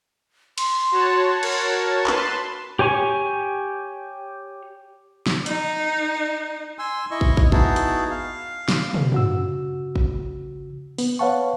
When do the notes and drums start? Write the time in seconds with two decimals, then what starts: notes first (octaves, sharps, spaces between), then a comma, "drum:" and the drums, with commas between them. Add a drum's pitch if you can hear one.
0.58 C6, drum: cymbal
0.92 F#4 C#5 A5
1.43 A#4, drum: cymbal
2.07 B4 A5 C6, drum: clap
2.79 G4 C#5 G#5 C#6
5.26 drum: snare
5.46 D#4, drum: hi-hat
6.79 G#5 C6 E6
7.11 E4 D#5 C#6
7.21 drum: kick
7.37 drum: kick
7.52 B3 D#4 E4 F#4 G#4 A5, drum: kick
7.76 drum: hi-hat
8.11 F5
8.68 drum: snare
8.94 drum: tom
9.12 C#3 F#4 E6, drum: tom
9.96 drum: kick
10.98 B3, drum: open hi-hat
11.19 B4 C#5 F5 F#5 A5 C#6